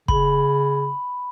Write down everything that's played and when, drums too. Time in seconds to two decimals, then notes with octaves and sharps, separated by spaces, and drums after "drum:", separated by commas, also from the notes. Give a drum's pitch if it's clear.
0.08 C#3 B5, drum: kick